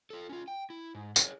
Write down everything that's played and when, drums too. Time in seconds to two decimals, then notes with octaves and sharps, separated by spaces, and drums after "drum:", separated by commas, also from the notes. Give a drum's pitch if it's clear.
0.10 F4 A4
0.29 C#4 F4
0.48 G5
0.70 E4
0.95 G#2
1.16 G#4 A#4 C#5, drum: tambourine